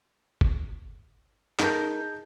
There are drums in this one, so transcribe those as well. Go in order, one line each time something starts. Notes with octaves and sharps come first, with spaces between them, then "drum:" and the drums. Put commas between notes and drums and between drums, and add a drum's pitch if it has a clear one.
drum: kick G1
D#4 G#4 A#4 A5 G6, drum: clap